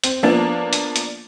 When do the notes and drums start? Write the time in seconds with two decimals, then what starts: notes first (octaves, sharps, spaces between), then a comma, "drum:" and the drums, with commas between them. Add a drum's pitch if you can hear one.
0.04 C4, drum: hi-hat
0.23 F3 A#3 B3 D4
0.73 drum: hi-hat
0.96 drum: hi-hat